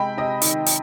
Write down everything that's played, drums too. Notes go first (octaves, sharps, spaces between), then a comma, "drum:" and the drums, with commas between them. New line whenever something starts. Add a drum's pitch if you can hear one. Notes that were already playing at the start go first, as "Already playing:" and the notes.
Already playing: C3 G#3 G5 B5
C3 D#5
D#3, drum: hi-hat
drum: hi-hat